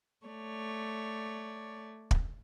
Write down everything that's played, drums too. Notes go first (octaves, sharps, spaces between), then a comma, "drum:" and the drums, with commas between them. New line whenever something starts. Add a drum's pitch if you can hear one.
A3 C#5 D5
drum: kick